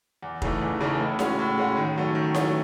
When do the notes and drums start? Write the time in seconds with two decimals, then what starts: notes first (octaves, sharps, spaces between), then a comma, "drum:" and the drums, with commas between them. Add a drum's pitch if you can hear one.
0.23 E2
0.42 C#3 E3 A3 D#4, drum: kick F1
0.61 E2
0.81 C#3 E3 A3 D#4
1.00 A2
1.19 G#3 C#4 F#4, drum: snare E4
1.39 A2
1.58 G#3 C#4 F#4
1.77 D#3
1.96 F#3 A3 C#4
2.15 D#3
2.35 F#3 A3 C#4, drum: snare E4